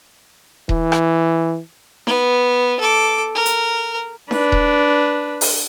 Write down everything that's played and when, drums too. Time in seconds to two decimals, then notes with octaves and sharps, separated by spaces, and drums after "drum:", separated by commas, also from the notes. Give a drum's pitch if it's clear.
0.69 E3, drum: kick D#1
0.92 drum: rim click
2.07 B3, drum: snare D#4
2.80 A4 D6
3.35 A#4
3.46 drum: hi-hat
4.31 D4 B4, drum: snare D#4
4.52 drum: kick D#1
5.41 drum: open hi-hat